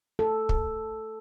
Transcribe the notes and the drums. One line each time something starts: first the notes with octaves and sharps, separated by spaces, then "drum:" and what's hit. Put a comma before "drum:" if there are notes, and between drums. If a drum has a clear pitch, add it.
A4
drum: kick